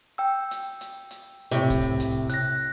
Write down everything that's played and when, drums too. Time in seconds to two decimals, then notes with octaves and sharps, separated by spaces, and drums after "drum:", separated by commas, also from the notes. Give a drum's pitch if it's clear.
0.18 G5 E6
0.51 drum: hi-hat
0.81 drum: hi-hat
1.11 drum: hi-hat
1.51 A2 C3
1.70 drum: kick C2, hi-hat
2.00 drum: hi-hat
2.30 F#6 A#6, drum: hi-hat